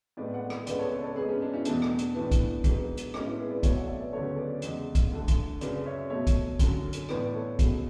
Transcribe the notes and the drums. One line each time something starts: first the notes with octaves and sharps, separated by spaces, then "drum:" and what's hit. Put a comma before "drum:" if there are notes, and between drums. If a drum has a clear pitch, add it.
A2 G#3 B3 B4 D5
D5 F#5
drum: rim click
C#2 C#3 G#3 B3 B4 D5, drum: hi-hat
A4 C#5
B4 D5
A4 C#5
G#2 G#3 B3 G#4 B4
C#4
D4
C#4 E4
E2 B2 A3 D4, drum: hi-hat
drum: rim click
drum: hi-hat
A2 E3 B3 D4
drum: kick, hi-hat
G#2 F#3 B3, drum: kick, hi-hat
drum: hi-hat
A2 G#3 B3 C#4, drum: rim click
C#4 E4
G#4 B4
B4 D5
B2 F#3 A3 C#5 E5, drum: kick, hi-hat
D5 F#5
C#5 E5
B4 D5
D2 C#3 F#3 B3 A4 C#5
B4 D5
E2 C#3 G#3, drum: hi-hat
drum: kick, hi-hat
D2 D3 A3
drum: kick, hi-hat
F#2 C#3 F#3 B4 D5, drum: hi-hat
C#5 E5
B2 F#3 A3 C#5 E5
drum: kick, hi-hat
F#2 D3 F#3, drum: kick, hi-hat
drum: hi-hat
A2 E3 B3 B4 D5, drum: rim click
A4 C#5
C#2 B2 F#3, drum: kick, hi-hat